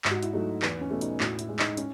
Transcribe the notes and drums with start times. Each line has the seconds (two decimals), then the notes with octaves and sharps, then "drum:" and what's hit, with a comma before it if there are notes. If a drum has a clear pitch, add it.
0.05 G#2, drum: clap
0.11 F#4
0.23 E4, drum: hi-hat
0.33 F#3 A3 D#4
0.62 E2 B3, drum: clap
0.81 C#4
0.91 B2 A3
1.01 D#4, drum: hi-hat
1.20 A2 F#4, drum: clap
1.39 E4, drum: hi-hat
1.49 G#3
1.59 D#4, drum: clap
1.77 C#4, drum: hi-hat